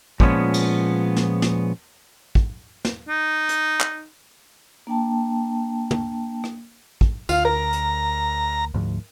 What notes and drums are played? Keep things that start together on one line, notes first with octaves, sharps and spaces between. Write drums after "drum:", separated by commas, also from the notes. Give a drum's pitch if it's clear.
A#2 F3 G3 G#3 B3 C#4, drum: kick
drum: cymbal
drum: snare
drum: snare
drum: kick
drum: snare
D#4
drum: hi-hat
drum: clap
A#3 D4 G5 A5
drum: tom
drum: rim click
drum: kick
D2 F4 F5, drum: tambourine
A#4 A#5
drum: hi-hat
D2 G#2 F3